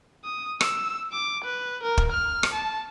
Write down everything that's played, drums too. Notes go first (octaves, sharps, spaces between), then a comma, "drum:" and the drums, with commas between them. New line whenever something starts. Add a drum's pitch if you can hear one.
D#6
E6, drum: rim click
D6
B4
A#4
drum: kick
F6
drum: rim click
A5